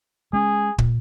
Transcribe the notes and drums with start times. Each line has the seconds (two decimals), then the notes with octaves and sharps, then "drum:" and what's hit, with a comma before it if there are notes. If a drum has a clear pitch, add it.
0.33 G#3 C#4 G#4
0.78 A#2, drum: kick